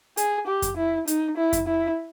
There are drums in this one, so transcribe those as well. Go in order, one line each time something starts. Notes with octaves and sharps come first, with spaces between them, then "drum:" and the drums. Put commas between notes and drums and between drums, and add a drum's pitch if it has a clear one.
G#4, drum: hi-hat
G4
drum: kick F2, hi-hat
E4
D#4, drum: hi-hat
E4
drum: kick F2, hi-hat
E4